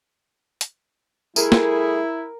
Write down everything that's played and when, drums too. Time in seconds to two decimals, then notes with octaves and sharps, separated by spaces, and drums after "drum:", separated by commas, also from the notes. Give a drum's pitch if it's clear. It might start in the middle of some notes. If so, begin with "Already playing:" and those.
0.61 drum: hi-hat
1.36 G3 A3 E4 G#4 A#4, drum: tambourine
1.52 drum: snare